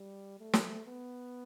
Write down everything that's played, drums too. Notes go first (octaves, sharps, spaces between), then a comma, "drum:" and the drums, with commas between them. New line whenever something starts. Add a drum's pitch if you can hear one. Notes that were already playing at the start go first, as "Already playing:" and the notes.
Already playing: G3
A3
drum: snare
B3